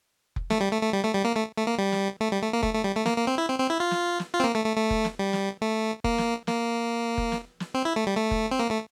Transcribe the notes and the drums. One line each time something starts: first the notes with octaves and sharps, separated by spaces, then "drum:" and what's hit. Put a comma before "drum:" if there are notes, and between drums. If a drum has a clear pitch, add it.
drum: kick F1
A3, drum: snare
G3
A3
A3
G3
A3
G3
A#3
A3
A3
A#3
G3
drum: snare
A3
G3
A3
A#3
A3, drum: kick F1
A3
G3
A3
A#3, drum: snare
A#3
C4
E4
C4
C4
E4
F4
drum: snare
drum: snare
F4
C4
A#3
A3
A3
A3
drum: kick F1
drum: snare
G3
drum: snare
A3
A#3, drum: kick F1
drum: snare
A#3, drum: snare
drum: kick F1
drum: snare
drum: snare
C4
E4
A3
G3
A3
drum: kick F1
C4
A#3
A3